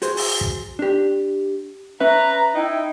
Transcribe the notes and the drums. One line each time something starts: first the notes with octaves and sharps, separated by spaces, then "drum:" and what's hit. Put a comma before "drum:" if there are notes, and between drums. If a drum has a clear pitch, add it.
F#4 G#4 C5, drum: hi-hat
drum: open hi-hat
drum: kick
D4 G4
C#4 B4 E5 A#5
D#4 E4 G5